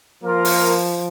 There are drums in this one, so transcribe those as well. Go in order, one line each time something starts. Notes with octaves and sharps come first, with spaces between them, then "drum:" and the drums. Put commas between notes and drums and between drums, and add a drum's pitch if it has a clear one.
F3 A#3 F4 A#4
drum: open hi-hat